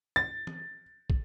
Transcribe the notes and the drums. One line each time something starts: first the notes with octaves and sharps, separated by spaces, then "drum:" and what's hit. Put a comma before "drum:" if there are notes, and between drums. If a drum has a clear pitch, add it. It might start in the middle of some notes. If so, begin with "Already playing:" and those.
A6
drum: tom
drum: kick